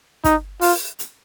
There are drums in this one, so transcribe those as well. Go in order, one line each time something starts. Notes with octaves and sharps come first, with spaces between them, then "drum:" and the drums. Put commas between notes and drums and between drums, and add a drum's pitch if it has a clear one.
D#4, drum: kick, hi-hat
F4, drum: open hi-hat
drum: hi-hat